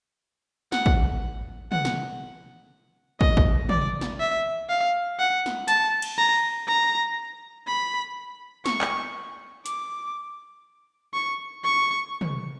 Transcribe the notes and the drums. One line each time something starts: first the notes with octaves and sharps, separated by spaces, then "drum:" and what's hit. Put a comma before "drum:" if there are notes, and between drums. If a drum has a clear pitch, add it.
F#5, drum: snare
drum: kick
F#5, drum: tom
drum: snare
D#5, drum: kick
drum: kick
D5, drum: tom
drum: snare
E5
F5
F#5
drum: snare
A5, drum: hi-hat
drum: cymbal
A#5
A#5
B5
C#6, drum: snare
drum: clap
D6, drum: hi-hat
C#6
C#6
drum: tom